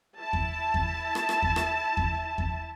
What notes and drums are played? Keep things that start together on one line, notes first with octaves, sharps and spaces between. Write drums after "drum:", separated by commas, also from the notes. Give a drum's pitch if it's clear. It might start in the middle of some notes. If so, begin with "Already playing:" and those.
E4 A5
drum: kick E2
drum: kick E2
drum: rim click
drum: rim click
drum: kick E2
drum: rim click
drum: kick E2
drum: kick E2